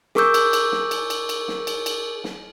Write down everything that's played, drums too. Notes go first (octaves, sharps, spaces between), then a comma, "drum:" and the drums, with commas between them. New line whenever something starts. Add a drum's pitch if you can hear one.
G#4 A#4 C#6 D6 E6 G6, drum: snare
drum: cymbal
drum: cymbal
drum: snare
drum: cymbal
drum: cymbal
drum: cymbal
drum: snare
drum: cymbal
drum: cymbal
drum: snare